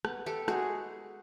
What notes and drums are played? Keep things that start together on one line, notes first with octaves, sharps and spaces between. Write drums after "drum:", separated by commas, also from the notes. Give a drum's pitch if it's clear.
B3, drum: rim click
G4 A4
G#3 F#4 G#4, drum: rim click